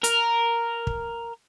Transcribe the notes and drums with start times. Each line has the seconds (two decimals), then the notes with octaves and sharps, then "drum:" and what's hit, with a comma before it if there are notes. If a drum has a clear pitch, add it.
0.04 A#4, drum: hi-hat
0.87 drum: kick